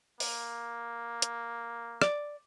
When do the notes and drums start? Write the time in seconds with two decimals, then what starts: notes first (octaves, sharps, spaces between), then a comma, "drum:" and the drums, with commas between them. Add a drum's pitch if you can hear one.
0.20 A#3, drum: open hi-hat
1.22 drum: hi-hat
2.02 D5, drum: rim click